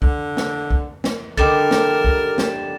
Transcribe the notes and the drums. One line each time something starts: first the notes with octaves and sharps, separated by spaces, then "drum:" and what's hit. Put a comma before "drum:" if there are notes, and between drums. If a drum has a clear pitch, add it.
D3, drum: kick
drum: snare
drum: kick
drum: snare
D3 G3 D#4 A#4 A6 E7, drum: kick
drum: snare
drum: kick
drum: snare